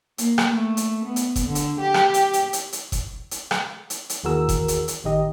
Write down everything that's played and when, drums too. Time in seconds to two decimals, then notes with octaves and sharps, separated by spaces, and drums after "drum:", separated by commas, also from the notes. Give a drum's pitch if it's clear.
0.18 A#3, drum: hi-hat
0.38 drum: rim click
0.50 A3
0.77 drum: hi-hat
1.04 B3
1.16 drum: hi-hat
1.36 drum: kick F#1, hi-hat
1.46 D3
1.55 drum: hi-hat
1.80 G4
1.94 drum: rim click
2.14 drum: hi-hat
2.33 drum: hi-hat
2.53 drum: hi-hat
2.73 drum: hi-hat
2.92 drum: kick F#1, hi-hat
3.31 drum: hi-hat
3.51 drum: rim click
3.90 drum: hi-hat
4.10 drum: hi-hat
4.24 D#2 E3 F#4 G#4 A#4 E6
4.49 drum: kick F#1, hi-hat
4.68 drum: hi-hat
4.88 drum: hi-hat
5.04 A1 D#3 D#4 G4 D#5